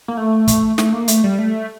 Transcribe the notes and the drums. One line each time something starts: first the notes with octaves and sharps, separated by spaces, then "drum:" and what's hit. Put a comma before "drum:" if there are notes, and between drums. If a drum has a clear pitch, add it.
A#3
A3
drum: kick, hi-hat
A3, drum: snare
A#3
A3, drum: hi-hat
G3
A3